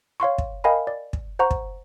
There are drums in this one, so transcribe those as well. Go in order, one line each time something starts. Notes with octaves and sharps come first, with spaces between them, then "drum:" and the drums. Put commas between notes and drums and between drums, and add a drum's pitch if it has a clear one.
C#5 F5 C6 C#6
drum: kick
A#4 D#5 F5 G5 G#5 B5
D5
drum: kick
C5 F#5 A#5 C#6
drum: kick